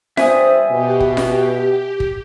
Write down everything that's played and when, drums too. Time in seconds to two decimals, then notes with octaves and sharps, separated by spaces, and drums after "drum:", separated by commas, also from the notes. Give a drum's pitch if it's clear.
0.17 G2 G3 C5 E5 G#5 D#6, drum: snare F4
0.70 B2 G4
1.00 drum: kick
1.17 drum: snare F4
2.00 drum: kick